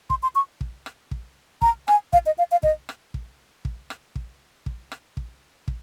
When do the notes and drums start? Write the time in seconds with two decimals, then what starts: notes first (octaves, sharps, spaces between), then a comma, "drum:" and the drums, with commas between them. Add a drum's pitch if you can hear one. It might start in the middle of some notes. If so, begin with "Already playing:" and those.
0.10 C6, drum: kick
0.23 C6
0.35 C#6
0.61 drum: kick
0.86 drum: rim click
1.11 drum: kick
1.62 A#5, drum: kick
1.88 G#5, drum: rim click
2.13 F5, drum: kick
2.26 D#5
2.38 F5
2.51 F5
2.63 D#5, drum: kick
2.89 drum: rim click
3.14 drum: kick
3.65 drum: kick
3.90 drum: rim click
4.16 drum: kick
4.66 drum: kick
4.92 drum: rim click
5.17 drum: kick
5.68 drum: kick